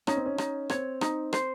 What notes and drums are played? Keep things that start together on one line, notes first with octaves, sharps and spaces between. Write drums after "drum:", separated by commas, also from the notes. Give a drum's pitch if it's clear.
C#4 D#4, drum: rim click
C4
C#4
D#4, drum: rim click
C4 C#5, drum: rim click
D#4, drum: rim click
C5, drum: rim click